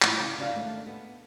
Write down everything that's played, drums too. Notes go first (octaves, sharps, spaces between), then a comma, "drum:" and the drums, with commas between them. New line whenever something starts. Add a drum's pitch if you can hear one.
E3 F3 A3, drum: clap
C#3
C#3 D4 F#4 F5
D#2 A3
B3